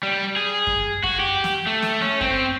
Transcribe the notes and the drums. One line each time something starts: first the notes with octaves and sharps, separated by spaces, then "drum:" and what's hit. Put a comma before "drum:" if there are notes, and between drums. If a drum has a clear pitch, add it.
G3
G#4
drum: kick F#2
F#4, drum: kick F#2
G4
drum: snare
A3
drum: snare
C#4
C4, drum: kick F#2